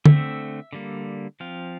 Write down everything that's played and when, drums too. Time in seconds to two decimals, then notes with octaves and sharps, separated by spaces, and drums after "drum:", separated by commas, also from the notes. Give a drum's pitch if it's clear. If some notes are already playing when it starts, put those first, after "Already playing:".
0.06 D3 A3 C4 E5, drum: tom
0.73 D3 G3 A#3
1.40 F3 C4 F5